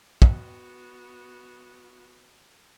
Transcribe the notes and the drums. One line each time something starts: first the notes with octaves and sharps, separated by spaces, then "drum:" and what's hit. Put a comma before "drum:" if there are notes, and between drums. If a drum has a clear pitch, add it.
B3 F#4, drum: kick